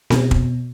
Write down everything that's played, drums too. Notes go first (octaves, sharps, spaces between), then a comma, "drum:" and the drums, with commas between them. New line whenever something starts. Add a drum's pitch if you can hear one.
B2, drum: snare C4
drum: kick